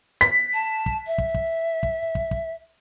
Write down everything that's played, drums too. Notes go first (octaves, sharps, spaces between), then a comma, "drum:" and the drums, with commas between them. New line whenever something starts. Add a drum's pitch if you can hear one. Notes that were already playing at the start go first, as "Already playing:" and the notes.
B6
A5
drum: kick
E5
drum: kick
drum: kick
drum: kick
drum: kick
drum: kick